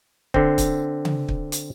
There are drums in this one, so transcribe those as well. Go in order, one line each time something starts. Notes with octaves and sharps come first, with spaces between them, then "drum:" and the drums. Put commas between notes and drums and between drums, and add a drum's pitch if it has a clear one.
D3 C4, drum: kick
drum: kick, hi-hat
drum: tom C#3
drum: kick
drum: hi-hat